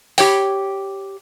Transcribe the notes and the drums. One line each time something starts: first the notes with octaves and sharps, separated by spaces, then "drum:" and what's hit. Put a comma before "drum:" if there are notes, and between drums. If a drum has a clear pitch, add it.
G4 C#5 G5, drum: open hi-hat